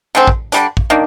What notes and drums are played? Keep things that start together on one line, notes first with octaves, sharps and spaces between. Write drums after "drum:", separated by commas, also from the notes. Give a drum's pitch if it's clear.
D3 G#3 C4
drum: kick
D3 G3 D4, drum: hi-hat
drum: kick
D#3 A#3 D4